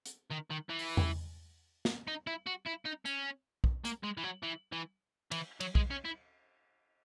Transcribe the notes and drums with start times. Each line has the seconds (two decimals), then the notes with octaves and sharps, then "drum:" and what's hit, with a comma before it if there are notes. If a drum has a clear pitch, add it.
0.06 drum: hi-hat
0.31 D#3
0.51 D#3
0.69 E3
0.79 drum: open hi-hat
0.97 drum: tom E2
1.85 drum: snare
2.08 D#4
2.27 E4
2.47 F#4
2.67 E4
2.86 D#4
3.06 C#4, drum: tambourine
3.64 drum: kick
3.85 A#3, drum: hi-hat
4.04 G#3
4.18 E3
4.24 F#3
4.43 E3
4.73 E3
5.32 E3, drum: cymbal
5.61 F#3, drum: cymbal
5.75 G#3, drum: kick
5.91 C#4
6.05 E4